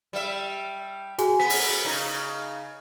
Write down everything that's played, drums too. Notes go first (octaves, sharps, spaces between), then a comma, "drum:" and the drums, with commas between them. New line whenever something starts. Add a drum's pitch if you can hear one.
G3 E5
F#4 G#4 G#5, drum: hi-hat
B3 B6
drum: open hi-hat
C#3 D#4